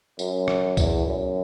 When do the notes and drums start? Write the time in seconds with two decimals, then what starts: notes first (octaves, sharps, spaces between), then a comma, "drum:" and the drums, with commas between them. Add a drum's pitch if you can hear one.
0.19 F#2, drum: tambourine
0.48 drum: rim click
0.77 E2, drum: kick, tambourine
1.07 F#2